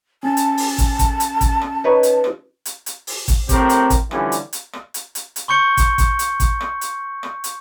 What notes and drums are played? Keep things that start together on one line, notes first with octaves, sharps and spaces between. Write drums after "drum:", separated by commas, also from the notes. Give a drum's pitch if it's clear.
C#4 A5 A6
drum: hi-hat
drum: open hi-hat
drum: kick, hi-hat
drum: kick, hi-hat
drum: hi-hat
drum: kick, hi-hat
drum: rim click
D#4 B4 C#5
drum: hi-hat
drum: rim click
drum: hi-hat
drum: hi-hat
drum: open hi-hat
drum: kick, hi-hat
A2 C4 G4 A#4 C5, drum: kick, hi-hat
drum: hi-hat
drum: kick, hi-hat
D3 E3 F3 G3 C#4, drum: rim click
drum: hi-hat
drum: hi-hat
drum: rim click
drum: hi-hat
drum: hi-hat
drum: hi-hat
C6 C#6 G6 C#7 G7
drum: kick, hi-hat
drum: kick, hi-hat
drum: hi-hat
drum: kick, hi-hat
drum: rim click
drum: hi-hat
drum: rim click
drum: hi-hat